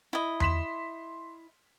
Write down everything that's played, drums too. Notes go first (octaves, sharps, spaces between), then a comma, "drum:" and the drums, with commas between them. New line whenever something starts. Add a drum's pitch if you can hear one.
E4 D#5
C6 B6 E7, drum: tom E2